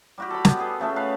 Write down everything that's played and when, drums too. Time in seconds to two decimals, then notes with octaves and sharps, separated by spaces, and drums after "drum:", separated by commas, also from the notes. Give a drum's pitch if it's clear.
0.18 G3 F#4 G4
0.30 A4 B5
0.45 G3 B3, drum: snare
0.59 B3 G#4 A4
0.80 C#3 A3 C#4 A4
0.96 A4 B4 F5